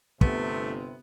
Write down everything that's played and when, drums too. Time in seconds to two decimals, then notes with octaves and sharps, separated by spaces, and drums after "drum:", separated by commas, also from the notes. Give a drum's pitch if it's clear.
0.21 G1 C3 A3 B3, drum: kick